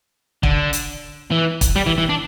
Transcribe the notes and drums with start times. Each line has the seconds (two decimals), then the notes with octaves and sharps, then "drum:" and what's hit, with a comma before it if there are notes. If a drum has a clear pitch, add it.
0.43 D3, drum: kick
0.73 drum: hi-hat
1.32 E3
1.61 drum: kick, hi-hat
1.76 G3
1.87 E3
1.98 E3
2.09 D4